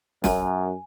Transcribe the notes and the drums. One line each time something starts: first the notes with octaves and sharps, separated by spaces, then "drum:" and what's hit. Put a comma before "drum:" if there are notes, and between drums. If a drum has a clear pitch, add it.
F#2 G#5, drum: snare